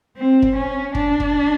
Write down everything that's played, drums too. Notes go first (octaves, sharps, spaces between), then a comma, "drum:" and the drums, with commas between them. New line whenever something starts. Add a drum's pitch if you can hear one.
C4
drum: kick
C#4
D4, drum: kick
drum: kick